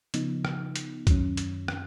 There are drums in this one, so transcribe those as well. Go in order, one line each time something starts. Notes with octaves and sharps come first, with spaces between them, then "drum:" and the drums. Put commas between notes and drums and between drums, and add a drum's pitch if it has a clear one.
C#3 F3 B3 D#4, drum: hi-hat
drum: rim click
drum: hi-hat
F#2 D#3 F#3 C#4, drum: kick B1, hi-hat
drum: hi-hat
drum: rim click